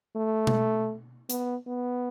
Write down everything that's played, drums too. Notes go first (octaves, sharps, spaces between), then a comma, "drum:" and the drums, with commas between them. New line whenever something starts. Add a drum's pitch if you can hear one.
A3
drum: tom B2
B3, drum: hi-hat
B3